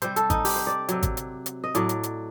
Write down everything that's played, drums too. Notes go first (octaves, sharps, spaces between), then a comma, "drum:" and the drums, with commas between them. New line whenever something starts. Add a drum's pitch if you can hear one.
C3 G3 C5, drum: hi-hat
A4, drum: hi-hat
D#4, drum: kick G#1, hi-hat
G4, drum: open hi-hat
C5
D5
C3 F#3, drum: hi-hat
drum: kick G#1, hi-hat
drum: hi-hat
drum: hi-hat
D#5
A2 F#3 D5, drum: hi-hat
drum: hi-hat
drum: hi-hat